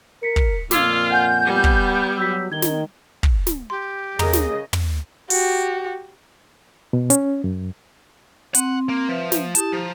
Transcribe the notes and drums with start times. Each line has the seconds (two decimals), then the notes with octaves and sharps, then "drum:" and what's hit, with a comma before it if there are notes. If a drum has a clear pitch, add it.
0.23 A#4 B6 C#7
0.36 drum: kick
0.71 F2 A#2 F4 F5 D6 E6 G#6, drum: snare
1.11 F#5 G#5 G6
1.45 G3 B3
1.64 drum: kick
2.18 F#3 E6 G6 B6
2.52 D#3 G#6 G7
2.62 drum: snare
3.23 drum: kick
3.47 drum: snare
3.70 G4 C6
4.19 C#3 G#4 A#4 D#5 A#5, drum: tom
4.33 drum: snare
4.73 drum: tom
5.30 F#4 G4, drum: open hi-hat
6.93 B2
7.10 C#4, drum: hi-hat
7.44 F#2
8.55 C4 F#5 C6, drum: hi-hat
8.89 A#3
9.09 F3 B4 E5
9.32 drum: snare
9.55 E4 G4 A5 D#6, drum: hi-hat
9.73 F3 A#5